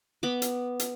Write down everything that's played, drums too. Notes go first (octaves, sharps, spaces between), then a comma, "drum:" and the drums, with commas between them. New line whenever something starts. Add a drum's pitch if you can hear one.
B3 B5 D6
drum: hi-hat
drum: hi-hat